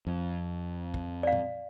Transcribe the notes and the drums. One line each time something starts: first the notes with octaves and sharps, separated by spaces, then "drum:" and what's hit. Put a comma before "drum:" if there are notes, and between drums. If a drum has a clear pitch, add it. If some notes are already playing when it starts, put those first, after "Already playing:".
F2
drum: kick
D5 F5
drum: tom